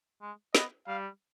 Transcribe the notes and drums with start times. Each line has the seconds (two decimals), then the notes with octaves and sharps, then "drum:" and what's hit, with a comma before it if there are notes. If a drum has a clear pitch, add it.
0.22 G#3
0.55 B3 D#5, drum: snare
0.87 G3 F5